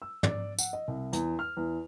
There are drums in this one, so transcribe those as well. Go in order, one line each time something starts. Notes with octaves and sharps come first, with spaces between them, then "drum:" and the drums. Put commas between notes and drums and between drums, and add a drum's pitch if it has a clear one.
E6
D5, drum: tom
F#5, drum: tambourine
D#5
C2
E2, drum: hi-hat
F6
E2